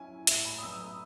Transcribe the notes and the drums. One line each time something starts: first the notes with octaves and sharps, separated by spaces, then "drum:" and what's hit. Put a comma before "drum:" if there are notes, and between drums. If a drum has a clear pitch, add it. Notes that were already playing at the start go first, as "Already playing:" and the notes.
Already playing: F#3 C#4 E4 G#5
A2 E5, drum: hi-hat
B5
D#6
F#3 B3 E6
D#6